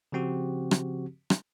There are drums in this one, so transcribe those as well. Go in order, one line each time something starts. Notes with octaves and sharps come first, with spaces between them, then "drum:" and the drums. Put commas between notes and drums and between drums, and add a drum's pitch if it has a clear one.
C#3 F3 C4 F#4 G4
drum: rim click
drum: rim click